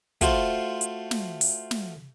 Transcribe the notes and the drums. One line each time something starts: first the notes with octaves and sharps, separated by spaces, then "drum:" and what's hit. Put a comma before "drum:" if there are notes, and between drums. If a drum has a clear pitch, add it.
A3 F4 F#4 C5, drum: kick, hi-hat
drum: hi-hat
drum: snare
drum: open hi-hat
drum: snare